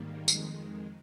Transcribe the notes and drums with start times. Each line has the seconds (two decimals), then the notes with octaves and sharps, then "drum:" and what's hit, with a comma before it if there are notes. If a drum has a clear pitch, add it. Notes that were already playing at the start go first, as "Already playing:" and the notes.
Already playing: G#2 D#3 G3 A#3
0.28 F2 D#3 G#3, drum: tambourine